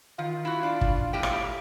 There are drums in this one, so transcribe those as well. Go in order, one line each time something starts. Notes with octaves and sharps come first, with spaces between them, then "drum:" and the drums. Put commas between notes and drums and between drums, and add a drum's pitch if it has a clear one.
D#3 F4
E4 F#4
D4
drum: kick
A2 G4 G5
drum: rim click